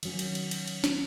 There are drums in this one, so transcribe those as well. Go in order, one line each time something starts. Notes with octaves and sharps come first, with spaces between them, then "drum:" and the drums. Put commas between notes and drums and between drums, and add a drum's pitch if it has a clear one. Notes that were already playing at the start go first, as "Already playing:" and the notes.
D#3 F#3 C#4, drum: cymbal
drum: cymbal
drum: cymbal
drum: cymbal
drum: cymbal
drum: snare